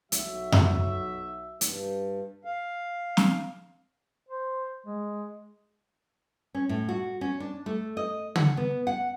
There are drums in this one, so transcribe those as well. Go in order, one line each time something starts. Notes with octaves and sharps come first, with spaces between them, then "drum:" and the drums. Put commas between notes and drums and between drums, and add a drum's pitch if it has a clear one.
B1 F#3 F#4 E5, drum: hi-hat
drum: tom F#2
G2, drum: hi-hat
F5
drum: snare
C5
G#3
C#4
A2
F#4
C#4
D4
A3
D#5
F#5, drum: tom
B3
F#5